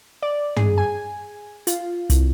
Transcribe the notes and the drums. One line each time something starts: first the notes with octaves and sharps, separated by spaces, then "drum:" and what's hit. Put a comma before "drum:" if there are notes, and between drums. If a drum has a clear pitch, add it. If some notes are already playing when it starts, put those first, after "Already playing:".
D5
G#4, drum: tom
G#5
F4, drum: hi-hat
C2, drum: hi-hat